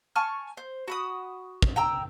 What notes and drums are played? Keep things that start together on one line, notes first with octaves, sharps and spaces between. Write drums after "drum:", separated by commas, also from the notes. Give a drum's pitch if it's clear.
G#5 A5 C#6 F6
C5
F#4 B5 D#6
drum: kick
G5 A#5 E6